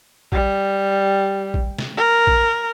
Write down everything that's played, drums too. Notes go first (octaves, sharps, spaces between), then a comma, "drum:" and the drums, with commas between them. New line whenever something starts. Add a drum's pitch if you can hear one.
G3, drum: kick A#1
drum: kick A#1
drum: snare
A#4
drum: kick A#1